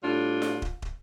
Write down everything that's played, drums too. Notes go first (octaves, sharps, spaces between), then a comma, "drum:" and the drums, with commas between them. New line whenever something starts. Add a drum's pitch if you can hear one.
A2 G3 D4 F4
drum: snare F4
drum: kick
drum: kick